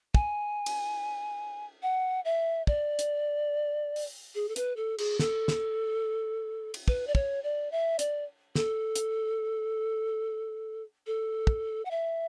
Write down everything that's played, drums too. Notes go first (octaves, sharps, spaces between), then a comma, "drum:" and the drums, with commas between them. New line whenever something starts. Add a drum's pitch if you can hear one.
G#5, drum: kick
drum: cymbal
F#5
E5
D5, drum: kick
drum: hi-hat
drum: open hi-hat
G#4
A4
B4, drum: hi-hat
A4
G#4, drum: cymbal
A4, drum: snare
drum: snare
drum: cymbal
B4, drum: kick
D5
C#5, drum: kick
D5
E5
D5, drum: hi-hat
A4, drum: snare
drum: hi-hat
A4
drum: kick
F#5
E5